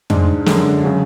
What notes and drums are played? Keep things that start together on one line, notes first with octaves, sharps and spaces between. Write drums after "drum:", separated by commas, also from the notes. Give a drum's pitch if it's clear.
G#2 G#3 D4, drum: tom
F#2 D3 G#3 D4, drum: snare
C#3 F#3